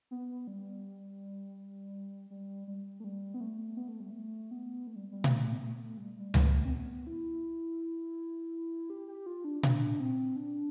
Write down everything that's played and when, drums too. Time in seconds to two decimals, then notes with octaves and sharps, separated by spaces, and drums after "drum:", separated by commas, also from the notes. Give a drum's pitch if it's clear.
0.11 B3
0.47 G3
2.30 G3
2.67 G3
3.00 A3
3.04 G3
3.34 B3
3.41 A3
3.77 B3
3.88 A3
4.00 G3
4.11 A3
4.51 B3
4.87 A3
4.96 G3
5.12 G3
5.24 A3, drum: tom A#2
5.52 B3
5.60 A3
5.98 G3
6.19 G3
6.34 A3, drum: tom C#2
6.65 C4
6.71 B3
7.07 E4
8.90 G4
9.08 G4
9.26 F4
9.44 D4
9.63 D4, drum: tom A#2
10.00 C4
10.36 D4